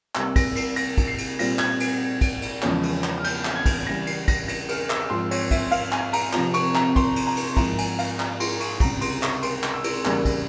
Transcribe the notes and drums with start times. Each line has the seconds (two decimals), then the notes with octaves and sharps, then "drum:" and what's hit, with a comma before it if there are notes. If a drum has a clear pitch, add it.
0.15 C2 C3 G3 A#3 E6, drum: clap
0.36 A#6, drum: kick, cymbal
0.56 C7, drum: cymbal
0.76 A#6, drum: cymbal
0.98 drum: kick, cymbal
1.08 C7
1.18 drum: cymbal
1.39 A#2 G3 C4 F4 A#6, drum: cymbal
1.59 G#6, drum: clap
1.80 drum: cymbal
2.21 drum: kick, cymbal
2.42 drum: cymbal
2.62 E2 C#3 F3 G#3 C#4, drum: clap
2.83 drum: cymbal
3.04 drum: clap
3.18 F6
3.24 G6, drum: cymbal
3.45 drum: clap
3.56 G#6
3.66 drum: kick, cymbal
3.86 C#3 E3 G3 A#6
4.07 C7, drum: cymbal
4.28 A#6, drum: kick, cymbal
4.48 A#6, drum: cymbal
4.69 F6, drum: cymbal
4.90 E6, drum: clap
5.10 G#2 F3 C4 F4 C6
5.31 C#5, drum: cymbal
5.51 E5, drum: kick, cymbal
5.71 F5, drum: cymbal
5.92 G#5, drum: clap
6.13 A#5, drum: cymbal
6.33 C3 F3 C4 F4 A#5, drum: clap
6.54 C#6, drum: cymbal
6.75 A#5, drum: clap
6.96 C6, drum: kick, cymbal
7.16 drum: cymbal
7.27 A#5
7.37 drum: cymbal
7.57 G#2 F3 A#3 E4 A#5, drum: kick, cymbal
7.78 G#5, drum: cymbal
7.99 F5, drum: cymbal
8.20 A#5, drum: clap
8.40 C6, drum: cymbal
8.60 C#6, drum: cymbal
8.80 C#2 C3 G3 C#4 A#5, drum: kick, cymbal
9.01 C6, drum: cymbal
9.23 C#6, drum: clap
9.43 C6, drum: cymbal
9.63 drum: clap
9.73 E6
9.84 drum: cymbal
10.05 E2 C#3 G3 A#3, drum: clap
10.25 drum: kick, cymbal